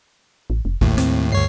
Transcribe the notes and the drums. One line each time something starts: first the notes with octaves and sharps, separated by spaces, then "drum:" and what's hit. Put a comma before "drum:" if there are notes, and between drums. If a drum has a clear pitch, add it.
A1
F1
A1 D#2 A2, drum: kick A#1
C4, drum: hi-hat
D2 G2 C#5 C7